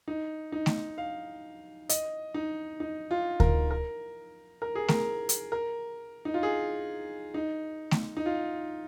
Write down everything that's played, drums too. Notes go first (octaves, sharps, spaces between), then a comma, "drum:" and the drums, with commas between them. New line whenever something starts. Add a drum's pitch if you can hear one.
D#4
D#4
drum: snare A3
F5
D#5, drum: hi-hat
D#4
D#4
F4
A#4, drum: kick D2
A#4
A#4
G#4
A#4, drum: snare A3
drum: hi-hat
A#4
D#4
F4
G#4
D#4
drum: snare A3
D#4
F4